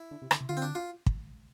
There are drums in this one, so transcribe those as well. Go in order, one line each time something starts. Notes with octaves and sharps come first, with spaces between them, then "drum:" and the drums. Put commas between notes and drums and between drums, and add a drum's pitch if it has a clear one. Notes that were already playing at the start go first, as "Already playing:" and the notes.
Already playing: E4
D3
C3
D3, drum: rim click
C3
D3 F4
C4
D4
F4
drum: kick